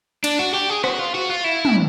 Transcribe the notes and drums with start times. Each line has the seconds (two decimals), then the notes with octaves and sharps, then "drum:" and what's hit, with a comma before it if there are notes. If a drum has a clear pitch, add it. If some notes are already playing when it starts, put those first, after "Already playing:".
0.24 D4, drum: cymbal
0.39 F#4
0.54 G4
0.70 G#4
0.84 F#4, drum: rim click
0.99 F4
1.14 F#4
1.30 F4
1.44 E4
1.65 drum: tom